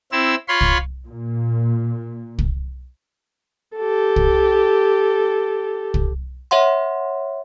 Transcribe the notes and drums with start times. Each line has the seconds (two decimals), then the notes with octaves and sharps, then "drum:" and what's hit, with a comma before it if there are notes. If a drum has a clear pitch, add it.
0.12 C4 E4 E6
0.48 F4 C#5 B5 C6
0.61 drum: kick
1.05 A#2
2.39 drum: kick
3.77 G4 A4
4.16 drum: kick
5.94 drum: kick
6.51 C#5 E5 F#5 C6